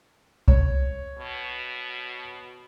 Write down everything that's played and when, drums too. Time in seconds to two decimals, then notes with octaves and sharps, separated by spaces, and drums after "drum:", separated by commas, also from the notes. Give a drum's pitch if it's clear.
0.48 C#5, drum: kick C2
1.18 B2